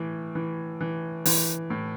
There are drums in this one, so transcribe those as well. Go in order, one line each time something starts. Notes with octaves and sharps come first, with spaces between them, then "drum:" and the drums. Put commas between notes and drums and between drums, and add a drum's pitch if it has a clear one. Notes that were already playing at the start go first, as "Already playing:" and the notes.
Already playing: A2 E3
E3
E3
E3, drum: open hi-hat
A2